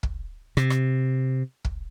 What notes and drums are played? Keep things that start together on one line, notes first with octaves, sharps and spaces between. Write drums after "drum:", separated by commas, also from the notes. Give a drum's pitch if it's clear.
drum: kick
C3, drum: rim click
drum: rim click
drum: kick